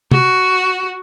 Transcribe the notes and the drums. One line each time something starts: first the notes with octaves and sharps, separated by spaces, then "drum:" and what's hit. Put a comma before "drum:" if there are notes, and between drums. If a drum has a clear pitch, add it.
F#4, drum: tom